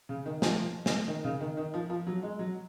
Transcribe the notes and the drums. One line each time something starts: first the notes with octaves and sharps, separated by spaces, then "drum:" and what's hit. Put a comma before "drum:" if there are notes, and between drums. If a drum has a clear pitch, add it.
C#3
D#3
F3, drum: snare
drum: snare
D#3
C#3
D#3
D#3
F3
F3
F#3
G#3
F#3